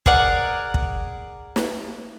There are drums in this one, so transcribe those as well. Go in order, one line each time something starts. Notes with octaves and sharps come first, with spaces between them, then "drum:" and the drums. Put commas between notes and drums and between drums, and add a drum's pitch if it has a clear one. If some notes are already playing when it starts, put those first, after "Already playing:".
G#4 A#4 D5 F#5, drum: kick
drum: kick
drum: snare